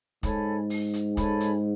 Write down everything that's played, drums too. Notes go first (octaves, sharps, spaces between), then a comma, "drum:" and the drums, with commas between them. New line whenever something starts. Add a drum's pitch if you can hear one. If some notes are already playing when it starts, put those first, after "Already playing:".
G#2 A4 C#5 G#5 B5, drum: kick, hi-hat
drum: open hi-hat
drum: hi-hat
A4 C#5 G#5 B5, drum: kick, hi-hat
drum: hi-hat